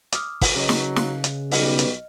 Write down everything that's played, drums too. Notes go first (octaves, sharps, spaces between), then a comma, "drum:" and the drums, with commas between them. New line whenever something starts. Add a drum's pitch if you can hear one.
D6 D#6 F6, drum: hi-hat
drum: kick, open hi-hat
C#3 F#3 B4 D#5
drum: snare
F5 F#6, drum: snare
drum: hi-hat
B1 G3 D#5 F6 C#7, drum: open hi-hat
drum: hi-hat